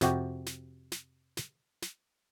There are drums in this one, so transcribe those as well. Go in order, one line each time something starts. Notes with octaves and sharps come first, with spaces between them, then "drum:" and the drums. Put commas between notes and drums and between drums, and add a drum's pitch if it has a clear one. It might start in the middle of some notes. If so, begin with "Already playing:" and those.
F2 C3 F#4 G4, drum: snare
drum: snare
drum: snare
drum: snare
drum: snare